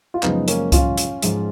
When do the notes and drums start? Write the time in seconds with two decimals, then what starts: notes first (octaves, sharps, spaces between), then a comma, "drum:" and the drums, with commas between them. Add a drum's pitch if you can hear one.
0.14 F4
0.23 F#2 C#3 F3 G#3 B3 D#4, drum: clap
0.48 A#3 C#4, drum: hi-hat
0.72 C#4 F4, drum: kick C2, hi-hat
0.98 drum: hi-hat
1.22 G#2 F3 G#3, drum: hi-hat